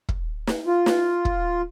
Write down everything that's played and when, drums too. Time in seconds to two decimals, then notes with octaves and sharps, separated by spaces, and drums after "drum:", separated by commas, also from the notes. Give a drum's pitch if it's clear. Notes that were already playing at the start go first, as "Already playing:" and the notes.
0.09 drum: kick
0.47 drum: snare
0.67 F4
0.86 drum: snare
1.25 drum: kick